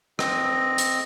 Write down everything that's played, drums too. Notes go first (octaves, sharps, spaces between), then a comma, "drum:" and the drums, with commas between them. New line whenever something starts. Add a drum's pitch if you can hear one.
C4 D#5, drum: rim click
drum: hi-hat